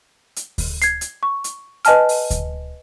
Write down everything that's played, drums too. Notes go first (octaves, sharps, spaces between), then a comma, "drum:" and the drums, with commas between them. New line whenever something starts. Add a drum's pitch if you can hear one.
drum: hi-hat
drum: kick D2, open hi-hat
G#6 C7, drum: hi-hat
drum: hi-hat
C#6
drum: hi-hat
B4 D#5 G#5 A5 F6, drum: hi-hat
drum: open hi-hat
drum: kick D2, hi-hat